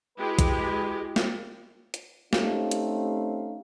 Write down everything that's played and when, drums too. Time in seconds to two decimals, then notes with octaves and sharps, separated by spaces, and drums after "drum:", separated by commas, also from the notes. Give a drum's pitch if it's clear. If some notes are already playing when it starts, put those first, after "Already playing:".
0.18 G#3 E4 F#4 G4 B4 G5
0.39 drum: kick, hi-hat
1.16 drum: snare
1.94 drum: hi-hat
2.33 A3 C4 C#4 D#4 G4 F5, drum: snare
2.71 drum: hi-hat